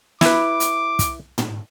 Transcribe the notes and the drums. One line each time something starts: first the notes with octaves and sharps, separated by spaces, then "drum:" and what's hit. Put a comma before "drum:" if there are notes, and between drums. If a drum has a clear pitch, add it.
E4 B4 D6, drum: snare
drum: hi-hat
drum: kick, hi-hat
drum: tom